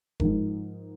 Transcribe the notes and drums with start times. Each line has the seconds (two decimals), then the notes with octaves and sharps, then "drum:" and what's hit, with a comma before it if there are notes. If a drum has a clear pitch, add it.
0.20 G#2 F3 G#3 D#4 A#4, drum: kick F1